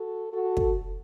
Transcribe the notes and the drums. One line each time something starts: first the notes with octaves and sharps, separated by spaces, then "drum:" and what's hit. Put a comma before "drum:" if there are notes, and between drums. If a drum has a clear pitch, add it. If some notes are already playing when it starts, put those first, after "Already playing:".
Already playing: F#4 A4
F#4 A4
drum: kick